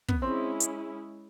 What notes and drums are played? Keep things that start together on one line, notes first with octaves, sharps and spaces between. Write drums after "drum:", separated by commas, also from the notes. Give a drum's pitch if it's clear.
B3, drum: kick
G#3 C4 C#4 E4
drum: hi-hat